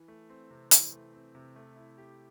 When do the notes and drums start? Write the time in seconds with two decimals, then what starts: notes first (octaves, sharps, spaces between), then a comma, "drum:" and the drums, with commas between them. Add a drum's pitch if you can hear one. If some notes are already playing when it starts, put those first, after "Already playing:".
Already playing: E3
0.08 A3
0.29 C4
0.50 C3
0.71 E3, drum: hi-hat
0.93 A3
1.14 C4
1.35 C3
1.56 A3
1.76 E4
1.98 G4